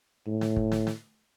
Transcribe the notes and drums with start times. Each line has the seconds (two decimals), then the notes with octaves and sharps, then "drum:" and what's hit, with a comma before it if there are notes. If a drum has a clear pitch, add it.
0.27 A2
0.41 drum: snare
0.56 drum: kick
0.72 drum: snare
0.87 drum: snare